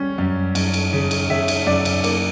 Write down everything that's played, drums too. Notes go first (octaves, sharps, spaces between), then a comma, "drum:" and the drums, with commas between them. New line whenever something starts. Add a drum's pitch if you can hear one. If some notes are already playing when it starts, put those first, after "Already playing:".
Already playing: G3 C#4
F#2
F#2, drum: cymbal
drum: cymbal
C#3
drum: cymbal
C#3 E5
drum: cymbal
F#2 D5
drum: cymbal
A#3, drum: cymbal